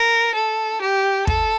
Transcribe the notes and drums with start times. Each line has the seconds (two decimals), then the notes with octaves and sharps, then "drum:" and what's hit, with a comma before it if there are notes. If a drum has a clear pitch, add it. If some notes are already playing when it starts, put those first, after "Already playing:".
Already playing: A#4
0.35 A4
0.82 G4
1.27 A4, drum: kick